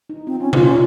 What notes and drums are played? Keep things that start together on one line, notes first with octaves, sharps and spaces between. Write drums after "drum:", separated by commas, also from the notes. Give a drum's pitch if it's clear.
D#4
C4 F4
C#4 F4
D#4 F4, drum: tom C3
C#4 F4